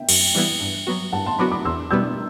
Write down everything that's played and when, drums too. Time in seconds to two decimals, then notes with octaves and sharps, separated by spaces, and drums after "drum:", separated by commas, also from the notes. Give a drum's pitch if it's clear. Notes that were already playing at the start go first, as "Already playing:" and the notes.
Already playing: E5 G5
0.09 F#2, drum: cymbal
0.35 E3 G3 B3 E4
0.61 G2
0.87 F#3 B3 F#4
1.12 G2 F#5 A5
1.26 A5 C6
1.39 F#3 B3 F#4 B5 D6
1.51 B5 D6
1.65 E2 C6 E6
1.91 B2 G3 B3 E6 G6